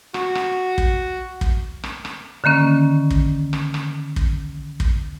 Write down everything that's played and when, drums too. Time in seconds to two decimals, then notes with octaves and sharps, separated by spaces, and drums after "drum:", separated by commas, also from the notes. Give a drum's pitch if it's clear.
0.14 F#4, drum: rim click
0.35 drum: rim click
0.78 drum: kick
1.41 drum: kick
1.84 drum: rim click
2.05 drum: rim click
2.44 D3 D#3 A#3 C#4
3.11 drum: kick
3.53 drum: rim click
3.74 drum: rim click
4.16 drum: kick
4.80 drum: kick